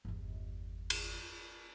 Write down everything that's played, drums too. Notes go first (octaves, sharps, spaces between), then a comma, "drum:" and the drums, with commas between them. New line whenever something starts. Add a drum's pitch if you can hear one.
G1 E2
drum: cymbal